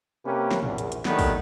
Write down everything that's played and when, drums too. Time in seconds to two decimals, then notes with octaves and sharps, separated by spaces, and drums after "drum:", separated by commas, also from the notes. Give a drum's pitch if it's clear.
0.25 C3 A#3 C#4 G4 A#4 B4
0.51 drum: snare
0.63 A#1 E2, drum: tom G#2
0.78 drum: hi-hat
0.92 drum: hi-hat
1.05 D3 D#3 F#3 G3 A3 B3, drum: snare
1.19 drum: kick, open hi-hat